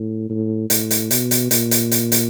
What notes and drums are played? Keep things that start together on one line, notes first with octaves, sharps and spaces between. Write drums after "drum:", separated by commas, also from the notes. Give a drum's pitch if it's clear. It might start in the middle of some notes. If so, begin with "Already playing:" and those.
Already playing: A2
A2
A2, drum: hi-hat
drum: hi-hat
B2, drum: hi-hat
drum: hi-hat
A#2, drum: hi-hat
drum: hi-hat
drum: hi-hat
drum: hi-hat